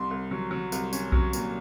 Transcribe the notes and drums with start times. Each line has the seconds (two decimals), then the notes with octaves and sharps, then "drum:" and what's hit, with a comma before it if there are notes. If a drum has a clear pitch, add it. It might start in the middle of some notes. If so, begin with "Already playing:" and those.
Already playing: C2 C6
0.11 C2
0.31 F#3
0.51 F#3
0.72 C2, drum: tambourine
0.93 C#4, drum: tambourine
1.12 F#3, drum: kick B1
1.33 A#2, drum: tambourine